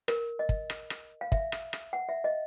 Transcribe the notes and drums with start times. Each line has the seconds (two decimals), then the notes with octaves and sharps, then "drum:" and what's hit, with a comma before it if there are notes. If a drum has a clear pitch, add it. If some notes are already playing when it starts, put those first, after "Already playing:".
0.08 A#4, drum: rim click
0.39 D#5
0.49 drum: kick
0.70 drum: rim click
0.90 drum: rim click
1.21 F5
1.32 E5, drum: kick
1.52 drum: rim click
1.73 drum: rim click
1.93 F#5
2.09 E5
2.24 D#5